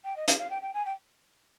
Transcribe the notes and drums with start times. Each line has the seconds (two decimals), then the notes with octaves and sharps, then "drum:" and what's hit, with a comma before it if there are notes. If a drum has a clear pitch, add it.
0.05 G5
0.16 D#5
0.28 F5, drum: hi-hat
0.39 F5
0.50 G5
0.62 G5
0.74 G#5
0.85 G5